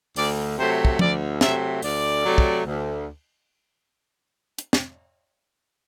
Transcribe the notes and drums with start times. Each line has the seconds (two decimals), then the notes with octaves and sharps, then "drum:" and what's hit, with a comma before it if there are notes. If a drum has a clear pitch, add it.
0.16 D2 D5, drum: open hi-hat
0.58 C3 F#3 A3 C5
0.85 drum: kick
0.99 D2 D5, drum: tom
1.41 C3 F#3 A3 E5, drum: snare
1.82 D2 D5, drum: open hi-hat
2.24 C3 F#3 A3
2.38 drum: kick
2.66 D2
4.59 drum: hi-hat
4.73 drum: snare